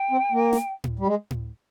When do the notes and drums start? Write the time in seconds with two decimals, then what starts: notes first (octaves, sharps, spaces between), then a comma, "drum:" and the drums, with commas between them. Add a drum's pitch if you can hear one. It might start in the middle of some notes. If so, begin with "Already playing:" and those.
Already playing: G5
0.11 C4
0.32 A#3
0.53 drum: snare
0.84 drum: tom A2
0.99 G3
1.07 G#3
1.31 drum: tom A2